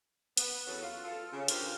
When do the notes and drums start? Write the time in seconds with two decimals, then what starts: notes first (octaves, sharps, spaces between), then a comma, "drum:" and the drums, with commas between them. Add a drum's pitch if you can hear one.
0.37 B3, drum: hi-hat
0.67 E2 F#3 C#4 F#4 A4 F#5
0.83 F4
1.03 F4 A4
1.32 C#3
1.48 D4 F4 G4 A4 A#4 C5, drum: hi-hat